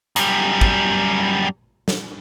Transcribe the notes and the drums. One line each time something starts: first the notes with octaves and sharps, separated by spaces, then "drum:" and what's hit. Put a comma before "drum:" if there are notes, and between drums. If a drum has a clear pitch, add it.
F#2 G3, drum: hi-hat
drum: kick
drum: snare